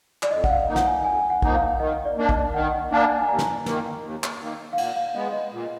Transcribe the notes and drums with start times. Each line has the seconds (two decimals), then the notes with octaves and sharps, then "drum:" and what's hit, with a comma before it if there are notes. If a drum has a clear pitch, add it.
0.23 D5, drum: clap
0.31 F2 D#5
0.44 F#5, drum: kick
0.50 F5
0.68 F3 A#3 D#4
0.76 F#5, drum: snare
0.87 G#5
1.05 F2 G#5
1.30 F#5
1.42 F3 A#3 D#4, drum: kick
1.54 F5
1.80 D#3 D#5
2.05 D5
2.17 A#3 D4
2.29 D#5, drum: kick
2.54 D#3 F#5
2.91 A#3 D4 G#5
3.22 G#5
3.29 D#2 A#5
3.39 drum: snare
3.66 D#3 A#3, drum: snare
4.03 D#2
4.24 drum: clap
4.40 D#3 A#3
4.73 F5
4.78 A#2 F#5, drum: cymbal
4.96 F5
5.15 G#3 B3 D#5
5.33 D#5
5.52 A#2